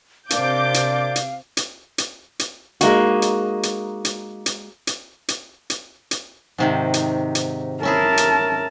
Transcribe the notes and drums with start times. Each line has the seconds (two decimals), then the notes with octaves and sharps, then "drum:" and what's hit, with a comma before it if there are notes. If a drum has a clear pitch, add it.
0.30 C3 D4 A#4 D5 F5 D6 G6, drum: hi-hat
0.74 drum: hi-hat
1.16 drum: hi-hat
1.57 drum: hi-hat
1.98 drum: hi-hat
2.39 drum: hi-hat
2.81 G#3 A#3 D#4 F#4, drum: hi-hat
3.22 drum: hi-hat
3.63 drum: hi-hat
4.05 drum: hi-hat
4.46 drum: hi-hat
4.87 drum: hi-hat
5.28 drum: hi-hat
5.70 drum: hi-hat
6.11 drum: hi-hat
6.58 G#2 C3 D#3
6.94 drum: hi-hat
7.35 drum: hi-hat
7.83 C#4 E4 G#4 A#4 A5
8.17 drum: hi-hat